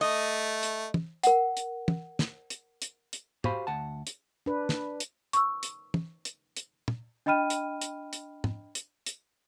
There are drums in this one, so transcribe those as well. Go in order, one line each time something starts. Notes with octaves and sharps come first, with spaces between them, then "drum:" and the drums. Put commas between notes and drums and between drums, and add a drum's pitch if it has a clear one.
A3 D#5
drum: hi-hat
drum: tom
A#4 F#5, drum: hi-hat
drum: hi-hat
drum: tom
drum: snare
drum: hi-hat
drum: hi-hat
drum: hi-hat
F#4 G4 C5 F5 G#5 B5, drum: tom
D2 F#5 A5
drum: hi-hat
D4 B4
drum: snare
drum: hi-hat
C#6 E6, drum: hi-hat
drum: hi-hat
drum: tom
drum: hi-hat
drum: hi-hat
drum: tom
D4 D#5 G5 B5 F6 D#7
drum: hi-hat
drum: hi-hat
drum: hi-hat
drum: tom
drum: hi-hat
drum: hi-hat